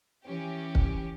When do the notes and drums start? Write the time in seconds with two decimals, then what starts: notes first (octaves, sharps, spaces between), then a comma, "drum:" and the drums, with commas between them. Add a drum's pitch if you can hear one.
0.24 E3 C#4 G4
0.75 drum: kick